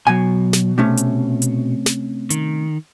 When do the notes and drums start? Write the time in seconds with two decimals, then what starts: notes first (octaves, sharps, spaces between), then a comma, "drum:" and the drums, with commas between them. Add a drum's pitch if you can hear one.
0.07 B2 F#3 G#5
0.53 drum: snare
0.78 C3 A3 C#4
0.97 drum: hi-hat
1.42 drum: hi-hat
1.86 drum: snare
2.30 D#3, drum: hi-hat